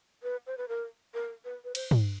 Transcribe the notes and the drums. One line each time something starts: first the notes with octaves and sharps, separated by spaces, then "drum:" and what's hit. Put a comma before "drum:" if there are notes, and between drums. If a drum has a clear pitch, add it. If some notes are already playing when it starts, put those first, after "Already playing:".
B4
C5
B4
A#4
A#4
B4
B4
C5, drum: cymbal
drum: tom